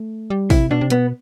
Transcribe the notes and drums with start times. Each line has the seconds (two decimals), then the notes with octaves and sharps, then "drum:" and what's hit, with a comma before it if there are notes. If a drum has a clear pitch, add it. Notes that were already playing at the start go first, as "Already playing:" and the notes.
Already playing: A3
0.30 G3
0.50 C3 E4, drum: kick, open hi-hat
0.71 B2 D4
0.81 C3
0.90 B2 B3, drum: hi-hat